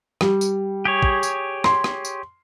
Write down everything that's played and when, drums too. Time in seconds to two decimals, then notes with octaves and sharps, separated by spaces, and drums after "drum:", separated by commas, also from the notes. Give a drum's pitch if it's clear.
0.21 G3, drum: rim click
0.41 drum: tambourine
0.85 G4 G#4 C#5
1.03 drum: kick
1.23 drum: tambourine
1.64 C6, drum: rim click
1.84 drum: rim click
2.05 drum: tambourine